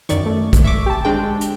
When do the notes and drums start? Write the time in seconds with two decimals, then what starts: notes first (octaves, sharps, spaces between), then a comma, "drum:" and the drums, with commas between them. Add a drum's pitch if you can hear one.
0.09 F#2 D#3 D5 C#6, drum: hi-hat
0.26 A3
0.53 drum: kick, hi-hat
0.64 E5 C#6 D6
0.86 G4 A5
1.05 G#3 C4 D4 G5
1.41 drum: hi-hat